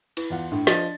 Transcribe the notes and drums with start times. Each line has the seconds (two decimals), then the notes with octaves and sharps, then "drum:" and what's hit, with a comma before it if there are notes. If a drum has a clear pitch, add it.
0.17 E4 B4, drum: cymbal
0.30 E2 F4 F#5
0.52 A2 D4
0.67 F3 D5 D#5 A6 B6, drum: snare